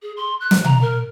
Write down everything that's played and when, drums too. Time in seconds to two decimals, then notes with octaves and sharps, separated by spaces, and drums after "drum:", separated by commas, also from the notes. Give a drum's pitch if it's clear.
0.02 G#4
0.17 C6
0.40 F#6
0.51 drum: snare
0.64 A#5, drum: tom B2
0.81 A#4